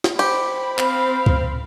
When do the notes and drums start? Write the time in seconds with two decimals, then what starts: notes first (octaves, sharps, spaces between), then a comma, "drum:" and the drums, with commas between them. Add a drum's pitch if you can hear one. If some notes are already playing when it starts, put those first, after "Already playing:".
0.04 drum: snare
0.19 G4 C5 B5, drum: cymbal
0.79 C4 F5, drum: clap
1.26 drum: kick